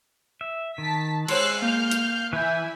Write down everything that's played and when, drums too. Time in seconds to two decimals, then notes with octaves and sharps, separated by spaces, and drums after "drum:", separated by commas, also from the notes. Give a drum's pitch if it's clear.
0.41 E5
0.78 D#3 A5 B6
1.28 G#3 C5 C#5 C6 E6 F#6 C7, drum: cymbal
1.62 A#3 F5 F6 G6
1.91 drum: hi-hat
2.33 E3 E4 E5 G#5 G6